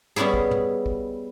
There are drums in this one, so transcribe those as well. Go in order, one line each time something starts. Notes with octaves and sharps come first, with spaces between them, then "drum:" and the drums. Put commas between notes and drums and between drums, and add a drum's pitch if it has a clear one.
G3 B3 C#4 E4 G#4
drum: kick
drum: tom
drum: kick